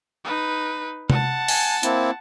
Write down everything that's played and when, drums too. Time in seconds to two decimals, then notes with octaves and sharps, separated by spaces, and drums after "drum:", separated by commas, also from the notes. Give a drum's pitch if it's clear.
0.25 D#4 B4
1.10 F#5 A5, drum: tom
1.48 G#5, drum: open hi-hat
1.83 A#3 C4 E4, drum: hi-hat